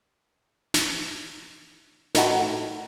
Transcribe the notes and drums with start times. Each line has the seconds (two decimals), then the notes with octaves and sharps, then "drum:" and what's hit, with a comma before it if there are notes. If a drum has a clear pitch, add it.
0.74 drum: snare
2.15 A2 D#4 F#4, drum: snare